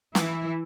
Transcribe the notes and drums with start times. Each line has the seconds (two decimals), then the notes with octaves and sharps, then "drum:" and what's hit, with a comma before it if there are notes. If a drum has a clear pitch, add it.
0.15 E3 E4, drum: snare